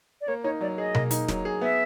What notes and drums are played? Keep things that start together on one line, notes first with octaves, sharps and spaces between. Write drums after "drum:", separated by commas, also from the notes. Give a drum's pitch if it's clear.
D5
A#3 C#5
D#4 C#5
F#3 D5
G#4 D#5
A#3, drum: tom B2
D#4, drum: hi-hat
F#3, drum: snare
G#4
B3 E5